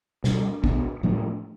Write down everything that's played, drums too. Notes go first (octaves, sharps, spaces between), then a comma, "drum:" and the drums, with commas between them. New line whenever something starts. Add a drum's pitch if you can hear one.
B2 G3 D4, drum: snare
B2 B3 D4, drum: kick
A2 F3 A3 D4